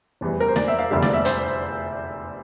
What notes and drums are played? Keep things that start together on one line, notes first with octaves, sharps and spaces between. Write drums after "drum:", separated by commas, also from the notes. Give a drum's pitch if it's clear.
F1 E2 E3 G3
A#4
C5
D5, drum: snare
E5
F5
F1 E2 D3 G3 E5
D5, drum: snare
E5
C5, drum: hi-hat